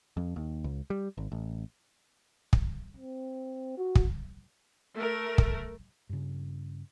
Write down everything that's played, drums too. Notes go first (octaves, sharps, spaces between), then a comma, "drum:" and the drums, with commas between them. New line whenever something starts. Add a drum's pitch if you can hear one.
F2
D#2
C#2
G3
G#1
A1
drum: kick
C4
F#4
drum: kick
A3 A#4
drum: kick
G2 C#3